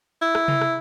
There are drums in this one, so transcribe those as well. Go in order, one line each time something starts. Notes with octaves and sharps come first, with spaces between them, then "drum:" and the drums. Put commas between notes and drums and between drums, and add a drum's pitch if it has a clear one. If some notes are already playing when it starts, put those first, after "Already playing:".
E4
drum: rim click
drum: tom C3
drum: rim click